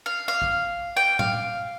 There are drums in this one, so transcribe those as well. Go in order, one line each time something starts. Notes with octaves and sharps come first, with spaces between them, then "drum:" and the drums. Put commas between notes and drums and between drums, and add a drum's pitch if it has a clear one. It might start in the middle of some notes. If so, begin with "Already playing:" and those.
F5
F5
drum: kick
G5
F5, drum: tom A2